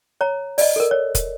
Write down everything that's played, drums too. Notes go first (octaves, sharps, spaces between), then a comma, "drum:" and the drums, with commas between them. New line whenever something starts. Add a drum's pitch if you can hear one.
C#5 A#5
D5 D#5, drum: open hi-hat
A4 A#4
C#5
drum: kick, hi-hat